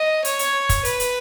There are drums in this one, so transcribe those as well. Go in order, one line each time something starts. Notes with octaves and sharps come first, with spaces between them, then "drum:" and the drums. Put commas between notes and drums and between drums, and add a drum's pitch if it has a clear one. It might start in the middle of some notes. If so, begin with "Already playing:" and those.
Already playing: D#5
C#5, drum: hi-hat
drum: hi-hat
drum: kick, hi-hat
B4, drum: hi-hat
drum: hi-hat